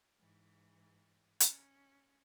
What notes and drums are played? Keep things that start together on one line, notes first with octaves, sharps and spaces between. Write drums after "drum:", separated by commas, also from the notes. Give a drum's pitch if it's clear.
G#2 E3
C#4, drum: hi-hat